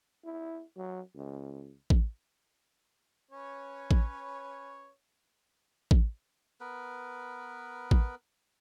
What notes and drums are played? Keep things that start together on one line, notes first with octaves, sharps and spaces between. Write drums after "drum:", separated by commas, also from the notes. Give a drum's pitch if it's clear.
E4
F#3
C#2
drum: kick A1
C#4 B4 C#5
drum: kick A1
drum: kick A1
B3 A#4 B4
drum: kick A1